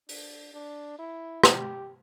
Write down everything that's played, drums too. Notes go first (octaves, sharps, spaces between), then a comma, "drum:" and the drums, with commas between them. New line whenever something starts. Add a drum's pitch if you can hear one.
D4, drum: open hi-hat
D4
E4
G4, drum: rim click